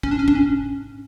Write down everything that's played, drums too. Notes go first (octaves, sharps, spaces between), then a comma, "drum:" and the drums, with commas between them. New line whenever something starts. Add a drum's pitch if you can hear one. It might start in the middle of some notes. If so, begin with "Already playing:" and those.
C#4, drum: kick
D4
C#4
D4, drum: kick
C#4